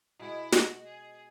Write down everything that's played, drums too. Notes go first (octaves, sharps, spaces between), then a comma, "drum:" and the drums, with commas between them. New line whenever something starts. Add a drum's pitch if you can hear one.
B2 G#3 B3 E4
F#4, drum: snare
G#4